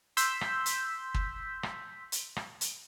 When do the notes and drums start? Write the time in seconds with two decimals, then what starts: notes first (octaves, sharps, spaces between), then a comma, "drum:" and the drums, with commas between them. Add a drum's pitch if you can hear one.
0.17 C6 E6 G6 B6, drum: hi-hat
0.41 drum: rim click
0.66 drum: hi-hat
1.14 drum: kick
1.63 drum: rim click
2.12 drum: hi-hat
2.36 drum: rim click
2.61 drum: hi-hat